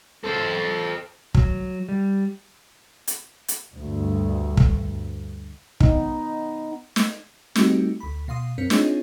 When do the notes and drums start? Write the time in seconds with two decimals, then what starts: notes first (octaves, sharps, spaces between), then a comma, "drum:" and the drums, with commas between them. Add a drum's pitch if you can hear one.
0.24 A4 C5
1.35 F#3, drum: kick
1.89 G3
3.07 drum: hi-hat
3.48 drum: hi-hat
3.74 D2 G2
4.57 drum: kick
5.80 B3 D#4, drum: kick
6.96 drum: snare
7.55 G3 A3 C4 D#4 F#4 G4, drum: snare
8.00 D2 B5
8.28 B2 F5 C6 D#6
8.58 F#2 C4 A#4 B6 C#7
8.70 C4 D4 D#4 F4 G#4 C#5, drum: snare